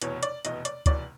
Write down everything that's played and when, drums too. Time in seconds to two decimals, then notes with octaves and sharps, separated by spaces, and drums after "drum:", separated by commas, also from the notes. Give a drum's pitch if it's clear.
0.02 F1 E2 B2 C#5, drum: hi-hat
0.23 D5, drum: hi-hat
0.45 F1 E2 B2 D#5, drum: hi-hat
0.65 D5, drum: hi-hat
0.86 F1 E2 B2 D5, drum: kick, hi-hat